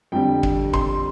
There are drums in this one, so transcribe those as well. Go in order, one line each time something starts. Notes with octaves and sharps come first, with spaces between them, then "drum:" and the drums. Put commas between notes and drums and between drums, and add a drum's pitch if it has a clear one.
F2 D3 G3 G5
drum: kick
C6, drum: kick